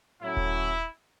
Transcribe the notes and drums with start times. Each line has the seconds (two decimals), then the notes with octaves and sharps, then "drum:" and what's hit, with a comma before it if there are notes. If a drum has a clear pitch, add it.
0.22 A2 F#3 C#4 E4
0.37 drum: kick D#1